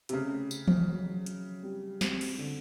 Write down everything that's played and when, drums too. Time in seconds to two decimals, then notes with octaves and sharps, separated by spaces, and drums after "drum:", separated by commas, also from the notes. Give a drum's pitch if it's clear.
0.09 C3, drum: hi-hat
0.13 C#3 A3
0.51 C#4, drum: tambourine
0.68 drum: tom
0.89 F#3
1.26 F#3, drum: hi-hat
1.63 G3
2.01 C4, drum: snare
2.21 drum: cymbal
2.38 D3